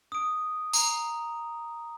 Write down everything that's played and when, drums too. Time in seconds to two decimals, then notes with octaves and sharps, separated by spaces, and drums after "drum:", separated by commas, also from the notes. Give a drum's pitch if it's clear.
0.12 D#6 D7
0.73 A#5, drum: tambourine